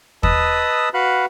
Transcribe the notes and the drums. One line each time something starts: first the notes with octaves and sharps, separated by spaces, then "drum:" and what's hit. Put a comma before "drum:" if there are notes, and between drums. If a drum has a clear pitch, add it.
B4 D#5 A5 B5 D#6 E6, drum: kick
F#4 B4 F5 F#5 B5 F#6